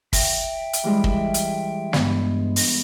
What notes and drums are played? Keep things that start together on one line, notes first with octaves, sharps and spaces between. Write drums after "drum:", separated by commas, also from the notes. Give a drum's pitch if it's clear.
E5 G5, drum: kick, open hi-hat
drum: hi-hat
E3 G3 G#3
drum: kick
drum: hi-hat
G2 G#3 B3, drum: snare
drum: open hi-hat